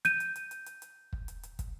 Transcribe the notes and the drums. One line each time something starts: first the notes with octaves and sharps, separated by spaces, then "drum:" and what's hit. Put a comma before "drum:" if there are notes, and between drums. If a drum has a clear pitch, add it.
G6 D#7, drum: hi-hat
drum: hi-hat
drum: hi-hat
drum: hi-hat
drum: hi-hat
drum: hi-hat
drum: kick
drum: hi-hat
drum: hi-hat
drum: kick, hi-hat